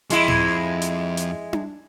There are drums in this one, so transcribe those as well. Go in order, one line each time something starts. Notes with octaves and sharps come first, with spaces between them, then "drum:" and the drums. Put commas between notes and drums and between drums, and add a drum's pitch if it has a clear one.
F2 G#3 E4 C6, drum: hi-hat
drum: tom A2
drum: hi-hat
drum: hi-hat
drum: tom D4